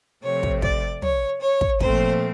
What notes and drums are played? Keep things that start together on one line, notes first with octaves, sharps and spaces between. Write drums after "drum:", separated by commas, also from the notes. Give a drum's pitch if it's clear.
C3 F3 A3 C4 C#5
drum: kick
D5, drum: kick
C#5, drum: tom
C#5
drum: kick
A#2 F3 A3 C4 C5, drum: kick